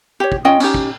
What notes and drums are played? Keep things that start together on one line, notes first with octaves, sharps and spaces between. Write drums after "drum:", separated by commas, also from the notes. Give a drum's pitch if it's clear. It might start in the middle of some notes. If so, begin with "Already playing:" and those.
G4 C#5
drum: kick
C#4 F4 D#5 G5
C#4 D#4 G4, drum: cymbal
drum: kick